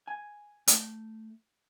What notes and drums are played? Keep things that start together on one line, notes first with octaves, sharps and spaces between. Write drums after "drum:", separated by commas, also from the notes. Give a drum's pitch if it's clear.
G#5
A3, drum: hi-hat